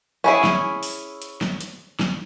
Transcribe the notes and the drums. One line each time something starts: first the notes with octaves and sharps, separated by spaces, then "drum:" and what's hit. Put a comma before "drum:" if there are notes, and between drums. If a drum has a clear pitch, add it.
C#4 E4 G#4
drum: snare
drum: open hi-hat
drum: hi-hat
drum: snare
drum: hi-hat
drum: snare